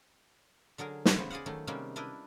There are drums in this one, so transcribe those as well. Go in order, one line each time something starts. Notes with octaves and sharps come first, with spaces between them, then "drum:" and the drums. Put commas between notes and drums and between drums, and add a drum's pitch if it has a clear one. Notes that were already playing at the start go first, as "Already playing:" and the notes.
D3 F#3 G#4 A#4
drum: snare
C#3 B3 C5 C#5
G#4 D5 D#5 F5 F#5
D#3 F#3 A3
C3 D#3 G3 G#3 A#3 C#4
D4 E4 A#4 B4 D#5